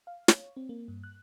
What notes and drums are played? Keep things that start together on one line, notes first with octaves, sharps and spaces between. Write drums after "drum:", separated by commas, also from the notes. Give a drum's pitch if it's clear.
F5
C#5, drum: snare
C4
A#3
G2
F#6